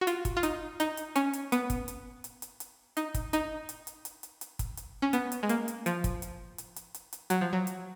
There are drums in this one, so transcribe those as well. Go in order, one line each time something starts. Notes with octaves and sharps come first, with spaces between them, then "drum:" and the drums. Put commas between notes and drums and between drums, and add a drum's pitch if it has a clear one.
F#4
F4, drum: hi-hat
drum: kick, hi-hat
F4
D#4, drum: hi-hat
D#4, drum: hi-hat
drum: hi-hat
C#4, drum: hi-hat
drum: hi-hat
B3, drum: hi-hat
drum: kick, hi-hat
drum: hi-hat
drum: hi-hat
drum: hi-hat
drum: hi-hat
D#4, drum: hi-hat
drum: kick, hi-hat
D#4, drum: hi-hat
drum: hi-hat
drum: hi-hat
drum: hi-hat
drum: hi-hat
drum: hi-hat
drum: kick, hi-hat
drum: hi-hat
C#4
B3, drum: hi-hat
drum: hi-hat
G#3
A#3, drum: hi-hat
drum: hi-hat
F3, drum: hi-hat
drum: kick, hi-hat
drum: hi-hat
drum: hi-hat
drum: hi-hat
drum: hi-hat
drum: hi-hat
F#3, drum: hi-hat
F3
F#3
drum: hi-hat